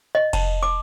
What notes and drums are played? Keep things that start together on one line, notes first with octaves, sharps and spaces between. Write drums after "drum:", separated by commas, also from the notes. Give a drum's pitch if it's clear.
D#5
A5, drum: kick F1, cymbal
D6